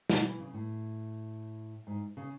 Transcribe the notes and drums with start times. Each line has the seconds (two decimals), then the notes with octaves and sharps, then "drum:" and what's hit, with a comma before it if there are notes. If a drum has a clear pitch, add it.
0.10 F#3, drum: snare
0.25 E3
0.40 C#3
0.54 A2
1.87 G#2
2.17 C#3